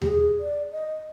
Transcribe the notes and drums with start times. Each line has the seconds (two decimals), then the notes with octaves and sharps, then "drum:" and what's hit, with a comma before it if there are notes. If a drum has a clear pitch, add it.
0.02 G4, drum: tom D#2
0.06 G#4
0.40 D5
0.72 D#5